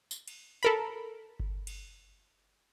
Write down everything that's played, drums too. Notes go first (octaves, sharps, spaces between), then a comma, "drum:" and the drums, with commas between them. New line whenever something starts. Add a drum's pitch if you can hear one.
drum: tambourine
drum: cymbal
A4 A#4 B5
drum: kick G1
drum: cymbal